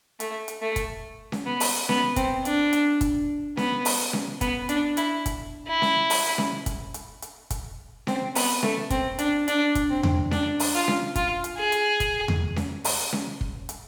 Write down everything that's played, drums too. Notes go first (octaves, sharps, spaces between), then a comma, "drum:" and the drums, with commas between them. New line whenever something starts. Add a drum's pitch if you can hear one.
A3, drum: hi-hat
drum: hi-hat
A3
drum: kick, hi-hat
drum: snare C#4
B3
drum: open hi-hat
B3, drum: snare C#4
C4, drum: kick, hi-hat
D4, drum: hi-hat
drum: hi-hat
drum: kick, hi-hat
B3, drum: snare C#4
drum: open hi-hat
drum: snare C#4
B3, drum: kick, hi-hat
D4, drum: hi-hat
E4, drum: hi-hat
drum: kick, hi-hat
E4
drum: snare C#4
drum: open hi-hat
drum: snare C#4
drum: kick, hi-hat
drum: hi-hat
drum: hi-hat
drum: kick, hi-hat
C4, drum: snare C#4
B3, drum: open hi-hat
A3, drum: snare C#4
C4, drum: kick, hi-hat
D4, drum: hi-hat
D4, drum: hi-hat
drum: kick, hi-hat
C4
drum: tom E2
D4, drum: snare C#4
drum: open hi-hat
F4
drum: snare C#4
F4, drum: kick, hi-hat
drum: hi-hat
G#4
drum: hi-hat
drum: kick, hi-hat
drum: tom E2
drum: snare C#4
drum: open hi-hat
drum: snare C#4
drum: kick
drum: hi-hat